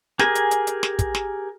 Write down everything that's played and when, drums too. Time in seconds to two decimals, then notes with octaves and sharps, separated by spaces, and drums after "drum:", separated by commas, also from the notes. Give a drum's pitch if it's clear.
0.19 G4 G#4 A#4 G#5, drum: snare
0.35 drum: hi-hat
0.51 drum: hi-hat
0.67 drum: hi-hat
0.83 drum: snare
0.99 drum: kick, hi-hat
1.15 drum: snare